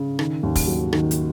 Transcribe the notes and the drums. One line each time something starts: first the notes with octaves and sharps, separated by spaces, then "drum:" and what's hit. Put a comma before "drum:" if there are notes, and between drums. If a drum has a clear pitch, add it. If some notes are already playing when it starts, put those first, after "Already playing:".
Already playing: C#3
D#3, drum: rim click
D#2
drum: kick, open hi-hat
F#3
D#3, drum: rim click
drum: hi-hat